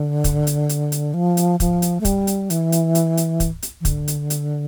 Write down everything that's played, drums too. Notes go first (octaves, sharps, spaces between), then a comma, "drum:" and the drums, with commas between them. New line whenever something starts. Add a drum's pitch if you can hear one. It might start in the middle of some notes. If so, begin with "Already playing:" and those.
Already playing: D3
drum: kick, hi-hat
drum: hi-hat
drum: hi-hat
drum: hi-hat
F3
drum: hi-hat
F3, drum: kick, hi-hat
drum: hi-hat
A3
G3, drum: kick, hi-hat
drum: hi-hat
E3, drum: hi-hat
drum: hi-hat
drum: hi-hat
drum: hi-hat
drum: kick, hi-hat
drum: hi-hat
E3
D3, drum: kick, hi-hat
drum: hi-hat
drum: hi-hat